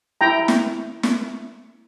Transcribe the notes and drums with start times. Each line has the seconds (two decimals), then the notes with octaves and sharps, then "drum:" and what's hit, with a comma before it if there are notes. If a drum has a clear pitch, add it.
0.21 E4 G5 A#5
0.48 drum: snare
1.03 drum: snare